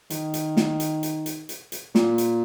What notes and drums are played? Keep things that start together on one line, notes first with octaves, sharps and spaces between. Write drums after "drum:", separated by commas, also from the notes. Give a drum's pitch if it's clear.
D#3, drum: hi-hat
drum: hi-hat
drum: snare
drum: hi-hat
drum: hi-hat
drum: hi-hat
drum: hi-hat
drum: hi-hat
A#2, drum: snare
drum: hi-hat